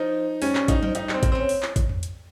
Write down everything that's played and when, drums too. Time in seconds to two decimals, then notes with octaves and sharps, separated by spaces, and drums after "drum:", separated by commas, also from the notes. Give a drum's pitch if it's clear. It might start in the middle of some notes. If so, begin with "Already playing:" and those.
Already playing: F3 D#4
0.42 G3 C#4, drum: open hi-hat
0.55 G3, drum: clap
0.68 D#3 D#4, drum: kick A1, hi-hat
0.83 F3, drum: tom
0.95 G3 D#4, drum: hi-hat
1.09 G3, drum: clap
1.14 C4
1.23 A#3, drum: kick A1, hi-hat
1.32 C4 C#4
1.49 drum: open hi-hat
1.63 drum: clap
1.76 drum: kick A1, hi-hat
1.89 drum: tom E2
2.03 drum: hi-hat